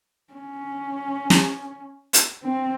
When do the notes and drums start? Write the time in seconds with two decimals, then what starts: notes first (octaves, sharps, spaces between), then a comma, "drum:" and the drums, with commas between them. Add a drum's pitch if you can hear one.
0.34 C#4
1.30 drum: snare
2.13 drum: hi-hat
2.44 C4